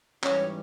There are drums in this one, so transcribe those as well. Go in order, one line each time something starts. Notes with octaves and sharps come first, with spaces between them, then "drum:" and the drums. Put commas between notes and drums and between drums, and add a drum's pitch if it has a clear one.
G#2 E3 G3 C#4, drum: clap